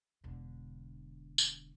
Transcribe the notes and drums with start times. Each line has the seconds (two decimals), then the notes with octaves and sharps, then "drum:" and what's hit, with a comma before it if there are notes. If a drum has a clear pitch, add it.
0.24 E1 D3
1.38 drum: tambourine